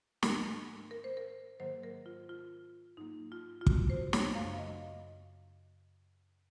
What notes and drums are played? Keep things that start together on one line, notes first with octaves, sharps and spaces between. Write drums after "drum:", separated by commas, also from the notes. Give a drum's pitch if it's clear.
G#2 D#3 F#3 A#3 A#4, drum: snare
A#4
C5
A#4
G#2 D#3 F#3 A#3 C5
A#4
F4
F4
G#2 F#3 A#3 D#4
F4
F4
F#4, drum: kick
C5
C#5, drum: snare
F#2 C#3 F#3 F5
F5
D#5